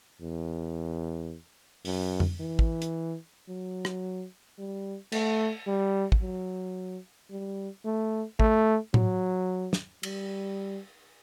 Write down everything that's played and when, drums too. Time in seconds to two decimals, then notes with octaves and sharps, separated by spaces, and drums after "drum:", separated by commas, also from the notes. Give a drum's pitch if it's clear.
0.21 E2
1.85 F#2, drum: open hi-hat
2.20 drum: tom F2
2.40 E3
2.59 drum: kick
2.82 drum: hi-hat
3.49 F#3
3.85 drum: rim click
4.59 G3
5.12 A3, drum: cymbal
5.67 G3
6.12 drum: kick
6.21 F#3
7.31 G3
7.85 A3
8.40 A3, drum: kick
8.94 F#3, drum: tom A2
9.73 drum: snare
10.03 G3, drum: cymbal